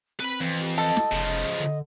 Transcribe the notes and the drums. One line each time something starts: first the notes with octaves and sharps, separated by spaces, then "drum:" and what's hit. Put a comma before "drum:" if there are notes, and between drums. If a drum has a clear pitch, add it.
C4 B4 B5, drum: hi-hat
F2 E3
G4
A4 D#5
drum: snare
F1 C#3 F3
drum: hi-hat
drum: hi-hat
D3